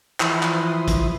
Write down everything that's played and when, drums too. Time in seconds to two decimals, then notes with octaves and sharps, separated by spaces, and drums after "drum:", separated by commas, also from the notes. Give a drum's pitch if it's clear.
0.20 E3 F3 E4 B5 C6 D#6, drum: clap
0.43 drum: clap
0.88 drum: kick, hi-hat